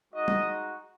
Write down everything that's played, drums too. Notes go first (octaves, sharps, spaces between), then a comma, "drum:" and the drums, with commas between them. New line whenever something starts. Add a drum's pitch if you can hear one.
G#3 D#4 F#4 D#5
drum: tom